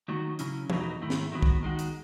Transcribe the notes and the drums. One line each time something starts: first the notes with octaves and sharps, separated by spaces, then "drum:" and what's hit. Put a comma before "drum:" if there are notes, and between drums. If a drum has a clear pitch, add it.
D#3 F#3 A3 D#4 F#4
C#3 F#3 C#4 E4, drum: hi-hat
E2 B2 F#3 A3 D#4, drum: tom E3
G#2 D#3 A3 E4
drum: snare
D#3 F#3 B3
drum: kick
D#3 G#3 D#4 F#4
drum: hi-hat